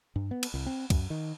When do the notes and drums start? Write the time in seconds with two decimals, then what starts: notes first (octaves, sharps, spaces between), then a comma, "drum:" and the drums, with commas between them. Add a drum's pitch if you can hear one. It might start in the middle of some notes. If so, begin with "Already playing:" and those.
0.16 G2
0.31 B3
0.43 drum: cymbal
0.54 C2
0.66 C4
0.90 F#2, drum: kick, cymbal
1.10 D#3